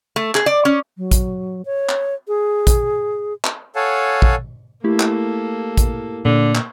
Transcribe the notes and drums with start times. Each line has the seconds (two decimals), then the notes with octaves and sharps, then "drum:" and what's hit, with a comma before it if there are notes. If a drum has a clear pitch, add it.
0.16 A3
0.35 G#4, drum: clap
0.46 D5
0.65 C#4
0.98 F#3
1.11 drum: kick, hi-hat
1.66 C#5
1.89 drum: clap
2.28 G#4
2.67 drum: kick, hi-hat
3.44 drum: clap
3.76 A4 C#5 F5 F#5 G#5 A5
4.22 drum: kick
4.84 A3 A#3 E4 G4 A4
5.00 drum: clap
5.78 drum: kick, hi-hat
6.25 A#2 D3
6.55 drum: clap